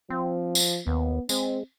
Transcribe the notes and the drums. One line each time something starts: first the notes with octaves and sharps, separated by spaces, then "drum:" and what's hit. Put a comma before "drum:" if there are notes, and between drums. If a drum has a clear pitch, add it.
F3 C4
drum: tambourine
D#2 B3
G#3 C4, drum: tambourine